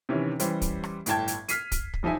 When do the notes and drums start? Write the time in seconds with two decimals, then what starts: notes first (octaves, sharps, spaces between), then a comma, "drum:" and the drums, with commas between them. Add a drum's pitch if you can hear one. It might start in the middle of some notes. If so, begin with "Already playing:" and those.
0.09 C3 D#3 E3 C#4
0.40 E3 G3 C#4 G4 C5, drum: hi-hat
0.62 drum: kick, hi-hat
0.84 drum: rim click
1.06 G1 A2 E4 G5 A5 G#6, drum: hi-hat
1.28 drum: hi-hat
1.49 F6 B6 C7 D#7, drum: hi-hat
1.72 drum: kick, hi-hat
1.94 drum: kick
2.03 D#1 F3 D#4 E4 E5 G#5